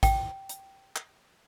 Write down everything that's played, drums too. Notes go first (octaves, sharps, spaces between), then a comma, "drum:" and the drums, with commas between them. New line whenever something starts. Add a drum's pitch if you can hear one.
G5, drum: kick, hi-hat
drum: hi-hat
drum: clap